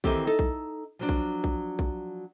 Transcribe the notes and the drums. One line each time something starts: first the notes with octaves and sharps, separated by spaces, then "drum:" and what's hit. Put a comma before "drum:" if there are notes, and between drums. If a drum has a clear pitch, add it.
D#3 E3 C4 G4 A4, drum: kick A#1
D#4 A4
drum: kick A#1
F3 F#3 D4
drum: kick A#1
drum: kick A#1
drum: kick A#1